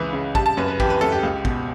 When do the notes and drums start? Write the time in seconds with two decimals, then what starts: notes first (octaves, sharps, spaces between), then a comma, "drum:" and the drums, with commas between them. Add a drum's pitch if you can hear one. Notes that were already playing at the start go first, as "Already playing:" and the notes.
Already playing: C#2 C#3 E3 B4
0.13 C#3
0.35 G3 A5, drum: kick
0.46 A5
0.57 F#2 B4
0.68 B4
0.80 E3 G4, drum: kick
0.90 B4
1.01 F#2 A4
1.12 G4
1.23 C#2
1.45 B2, drum: kick